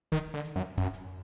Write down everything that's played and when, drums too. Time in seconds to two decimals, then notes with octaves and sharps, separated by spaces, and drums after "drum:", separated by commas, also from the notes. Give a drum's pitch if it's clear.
0.12 D#3, drum: kick, hi-hat
0.34 D3
0.45 drum: hi-hat
0.56 F#2
0.78 F#2, drum: kick, hi-hat
0.94 drum: hi-hat